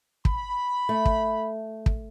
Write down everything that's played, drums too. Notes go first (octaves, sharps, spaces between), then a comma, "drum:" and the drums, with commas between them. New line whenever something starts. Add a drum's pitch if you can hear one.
B5, drum: kick
A3
drum: kick
drum: kick